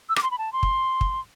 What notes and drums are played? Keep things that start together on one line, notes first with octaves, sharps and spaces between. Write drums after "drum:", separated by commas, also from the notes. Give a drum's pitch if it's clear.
E6
D6, drum: rim click
C6
B5
A5
C6
drum: kick
drum: kick